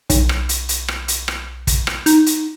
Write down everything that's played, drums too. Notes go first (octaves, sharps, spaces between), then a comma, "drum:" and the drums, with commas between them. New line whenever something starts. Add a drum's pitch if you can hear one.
B1, drum: kick, hi-hat
drum: rim click
drum: hi-hat
drum: hi-hat
drum: rim click
drum: hi-hat
drum: rim click
drum: kick, hi-hat
drum: rim click
D#4, drum: hi-hat
drum: hi-hat